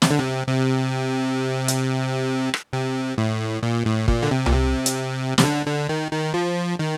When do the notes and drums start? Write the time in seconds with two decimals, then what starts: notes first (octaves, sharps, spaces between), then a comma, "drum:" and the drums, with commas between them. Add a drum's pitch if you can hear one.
0.02 C3, drum: snare
0.10 D3
0.19 C3
0.47 C3
1.68 drum: hi-hat
2.54 drum: rim click
2.73 C3
3.18 A2
3.63 A#2
3.86 A2
4.08 A#2, drum: kick
4.23 D3
4.31 C3
4.46 A#2, drum: tom C2
4.53 C3
4.86 drum: hi-hat
5.38 C3, drum: snare
5.44 D3
5.67 D3
5.89 D#3
6.11 D#3
6.34 F3
6.79 D#3